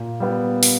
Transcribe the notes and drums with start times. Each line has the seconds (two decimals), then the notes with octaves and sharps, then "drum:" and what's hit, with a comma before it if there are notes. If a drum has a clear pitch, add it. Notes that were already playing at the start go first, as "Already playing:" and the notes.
Already playing: A#2
0.20 G3 B3
0.63 drum: open hi-hat